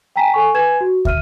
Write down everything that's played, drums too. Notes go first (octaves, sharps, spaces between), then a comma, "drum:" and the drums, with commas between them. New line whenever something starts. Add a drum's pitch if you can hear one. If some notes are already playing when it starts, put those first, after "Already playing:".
G5 G#5 A#5 B6
A4 G#5 C#6
B4 G#5 G#6 E7
F#4
E5 F6 D#7, drum: kick